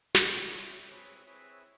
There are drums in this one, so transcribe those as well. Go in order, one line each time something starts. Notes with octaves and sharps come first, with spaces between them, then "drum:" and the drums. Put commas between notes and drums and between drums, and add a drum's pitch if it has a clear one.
E4 A4 C#5 D5 G5, drum: snare
E4 A4 D5 G5
C4 E4 G#4 B4 C#5 E5
C4 E4 G#4 B4 C#5 E5